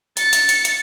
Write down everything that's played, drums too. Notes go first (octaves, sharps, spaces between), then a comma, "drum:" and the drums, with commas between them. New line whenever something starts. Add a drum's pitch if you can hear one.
A6 C#7, drum: hi-hat
drum: hi-hat
drum: hi-hat
drum: hi-hat